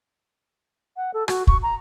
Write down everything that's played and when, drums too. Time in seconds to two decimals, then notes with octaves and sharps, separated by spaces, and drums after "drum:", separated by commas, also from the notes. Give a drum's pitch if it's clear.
0.97 F#5
1.14 A4
1.28 F#4, drum: rim click
1.47 C#6, drum: kick
1.63 A#5